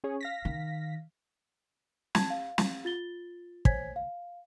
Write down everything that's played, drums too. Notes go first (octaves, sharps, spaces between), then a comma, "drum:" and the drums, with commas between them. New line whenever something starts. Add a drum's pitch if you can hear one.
C#4 G#4 C#5
F5 A#6 B6
D#3
A5 G#6, drum: snare
F5
drum: snare
F4 A6 G7
C5 C#5 G#5 G#6 B6, drum: kick
F5